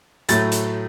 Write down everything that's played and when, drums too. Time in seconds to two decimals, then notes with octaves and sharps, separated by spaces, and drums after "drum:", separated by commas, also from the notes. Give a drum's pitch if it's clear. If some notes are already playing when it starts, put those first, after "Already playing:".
0.29 A2 F#3 A3 A6, drum: hi-hat
0.52 drum: hi-hat